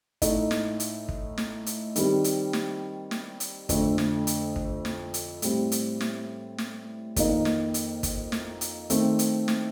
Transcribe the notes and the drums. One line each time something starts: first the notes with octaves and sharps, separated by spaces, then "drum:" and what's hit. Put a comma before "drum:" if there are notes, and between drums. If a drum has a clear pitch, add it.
A2 A3 D#4, drum: kick, hi-hat
drum: snare
drum: hi-hat
drum: kick
drum: snare
drum: hi-hat
D#3 G3 C4, drum: hi-hat
drum: hi-hat
drum: snare
drum: snare
drum: hi-hat
F2 D3 A3, drum: kick, hi-hat
drum: snare
drum: hi-hat
drum: kick
drum: snare
drum: hi-hat
A2 G3 C4, drum: hi-hat
drum: hi-hat
drum: snare
drum: snare
F2 D#3 A#3 D#4, drum: kick, hi-hat
drum: snare
drum: hi-hat
drum: kick, hi-hat
drum: snare
drum: hi-hat
D#3 A3 C4, drum: hi-hat
drum: hi-hat
drum: snare